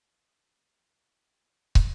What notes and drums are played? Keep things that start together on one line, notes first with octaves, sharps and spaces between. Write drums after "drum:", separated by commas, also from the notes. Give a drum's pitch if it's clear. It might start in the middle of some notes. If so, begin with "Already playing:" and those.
F#4
F4
drum: kick